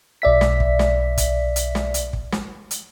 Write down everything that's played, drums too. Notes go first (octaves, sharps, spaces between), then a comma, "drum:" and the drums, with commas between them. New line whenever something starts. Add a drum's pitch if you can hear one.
B1 D5 E5 B6
drum: snare
drum: kick
drum: snare
drum: kick, hi-hat
drum: hi-hat
drum: snare
drum: hi-hat
drum: kick
drum: snare
drum: hi-hat